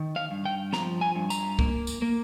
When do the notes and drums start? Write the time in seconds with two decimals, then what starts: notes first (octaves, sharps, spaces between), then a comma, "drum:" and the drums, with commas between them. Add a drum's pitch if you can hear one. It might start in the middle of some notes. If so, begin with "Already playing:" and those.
Already playing: D#3
0.16 F5
0.31 G2
0.45 G5
0.73 F3 A#5, drum: snare
1.01 G#5
1.15 G2
1.30 A#5, drum: tambourine
1.59 A#3, drum: kick
1.87 drum: tambourine
2.02 A#3